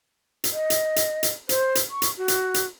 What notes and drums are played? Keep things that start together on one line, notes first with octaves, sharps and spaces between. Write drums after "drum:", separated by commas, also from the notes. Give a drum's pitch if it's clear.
drum: hi-hat
D#5
drum: hi-hat
drum: hi-hat
drum: hi-hat
C5, drum: hi-hat
drum: hi-hat
C#6
drum: hi-hat
F#4
drum: hi-hat
drum: hi-hat